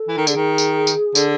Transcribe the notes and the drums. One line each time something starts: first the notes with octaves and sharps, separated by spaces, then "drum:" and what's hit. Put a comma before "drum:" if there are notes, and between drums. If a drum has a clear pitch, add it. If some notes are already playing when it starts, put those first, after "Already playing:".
Already playing: A4
E3
D#3
D3 G#4, drum: tambourine
D#3
drum: tambourine
drum: tambourine
D3, drum: tambourine